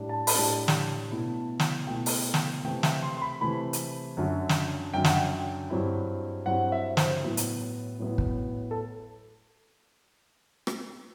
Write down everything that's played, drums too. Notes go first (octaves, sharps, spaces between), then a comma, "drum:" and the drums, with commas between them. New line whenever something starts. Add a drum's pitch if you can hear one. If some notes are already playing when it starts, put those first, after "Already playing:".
Already playing: A2 G3 D4
A5
B5, drum: open hi-hat
A2 G3 D4 A5
drum: snare
B2 A3 E4
drum: snare
B2 A3 E4 G5
drum: open hi-hat
drum: snare
C3 E3 A3 E4 G5
E5, drum: snare
C6
C6
B5
C3 E3 A3 E4 B5
drum: hi-hat
F#2 D3 F#3
drum: snare
F#2 D3 F#3 G5
F#5, drum: snare
G5
G2 F#3 C4 E4
G2 F#3 C4 E4 F#5
E5
C5, drum: snare
A2 F#3 B3 E4
drum: hi-hat
A2 F#3 B3 E4
drum: kick
A4
drum: rim click